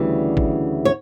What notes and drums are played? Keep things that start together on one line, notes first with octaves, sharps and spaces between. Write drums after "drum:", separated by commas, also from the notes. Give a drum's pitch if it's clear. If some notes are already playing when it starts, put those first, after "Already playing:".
Already playing: D2 C#3 E3 G3 D5
drum: kick G#1
C#5